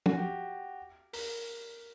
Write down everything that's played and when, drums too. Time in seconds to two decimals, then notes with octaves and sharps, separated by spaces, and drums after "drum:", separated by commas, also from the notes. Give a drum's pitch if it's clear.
0.06 F#4, drum: tom
0.18 G4
1.13 A#4, drum: open hi-hat